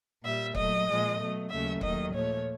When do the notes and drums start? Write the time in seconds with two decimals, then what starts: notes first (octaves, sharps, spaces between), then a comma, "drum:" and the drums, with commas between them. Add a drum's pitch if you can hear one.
0.23 A#2 G3 E5
0.55 A#2 F#3 A3 D#5, drum: kick C#1
0.87 A#2 F3 G#3
1.18 B2 F#3 A3
1.49 D#2 C#3 F#3 A3 E5
1.81 D#2 D#3 F#3 A3 D#5, drum: kick C#1
2.13 A#2 F3 A3 C#5